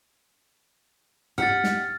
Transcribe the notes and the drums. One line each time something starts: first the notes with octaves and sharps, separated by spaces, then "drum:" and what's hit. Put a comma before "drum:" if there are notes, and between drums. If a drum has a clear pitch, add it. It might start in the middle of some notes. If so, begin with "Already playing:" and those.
G4 F#5 F6 A6, drum: tom
drum: snare